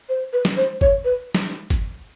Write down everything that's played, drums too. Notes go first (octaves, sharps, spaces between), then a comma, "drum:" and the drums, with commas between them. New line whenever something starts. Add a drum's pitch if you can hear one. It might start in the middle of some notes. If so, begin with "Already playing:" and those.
C5
B4
drum: snare
C5
C#5, drum: kick
B4
drum: snare
drum: kick, hi-hat